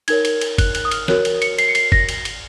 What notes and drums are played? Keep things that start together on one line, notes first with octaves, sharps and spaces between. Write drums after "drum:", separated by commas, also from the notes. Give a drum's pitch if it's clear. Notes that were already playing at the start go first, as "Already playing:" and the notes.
D#4 A#4 C#5 G#6, drum: cymbal
drum: cymbal
drum: cymbal
F#6, drum: kick, cymbal
F#6, drum: cymbal
D#6
F6, drum: cymbal
F#4 A#4 C#5 F#6, drum: snare
drum: cymbal
C#7, drum: cymbal
C7, drum: cymbal
C#7
C7, drum: cymbal
A#6, drum: kick
drum: cymbal
drum: cymbal